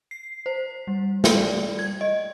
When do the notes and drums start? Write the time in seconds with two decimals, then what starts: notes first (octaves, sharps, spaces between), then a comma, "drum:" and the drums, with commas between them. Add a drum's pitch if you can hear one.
0.11 C7
0.46 C5
0.87 G3
1.24 G5, drum: snare
1.37 D5
1.79 G#6
2.01 D#5